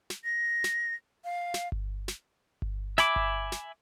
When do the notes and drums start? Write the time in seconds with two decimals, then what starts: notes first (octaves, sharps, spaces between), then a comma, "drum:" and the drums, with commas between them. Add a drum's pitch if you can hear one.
0.10 drum: snare
0.24 A#6
0.64 drum: snare
1.24 F5
1.54 drum: snare
1.72 drum: kick G1
2.08 drum: snare
2.62 drum: kick G1
2.98 E5 G#5 B5 D6, drum: snare
3.16 drum: kick G1
3.52 drum: snare